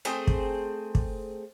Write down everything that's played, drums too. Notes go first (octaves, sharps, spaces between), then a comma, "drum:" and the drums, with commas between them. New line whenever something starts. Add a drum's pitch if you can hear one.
A3 C4 G#4 C5
drum: kick
drum: kick